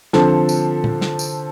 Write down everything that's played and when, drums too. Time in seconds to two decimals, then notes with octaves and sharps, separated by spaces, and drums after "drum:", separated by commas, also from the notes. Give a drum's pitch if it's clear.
0.13 D3 F3 C4 A4, drum: snare
0.49 drum: tambourine
0.84 drum: tom A#2
1.02 drum: snare
1.19 drum: tambourine